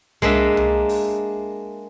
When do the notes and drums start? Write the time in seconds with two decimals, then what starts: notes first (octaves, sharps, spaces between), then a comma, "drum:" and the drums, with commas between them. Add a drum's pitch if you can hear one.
0.22 G#3 A#3 D4 E5, drum: tom C2
0.57 drum: tom C2
0.89 drum: open hi-hat